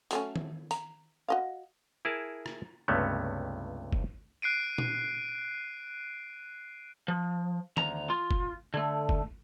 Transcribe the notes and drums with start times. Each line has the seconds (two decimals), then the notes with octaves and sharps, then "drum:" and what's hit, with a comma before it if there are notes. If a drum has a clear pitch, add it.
0.11 F#3 A3 C#4, drum: hi-hat
0.36 drum: tom D#3
0.71 A#5, drum: hi-hat
1.28 F#4 D#5 F5
2.05 E4 G#4 A#4 A5
2.46 drum: rim click
2.88 C#2 G2 C3 A3 B3 C#4
3.93 drum: kick
4.42 F#6 C7 D7 D#7
4.78 drum: tom A#2
7.08 F3
7.77 D2 A#5, drum: tom D#3
8.10 F4
8.31 drum: kick
8.74 D3 A3
9.09 drum: kick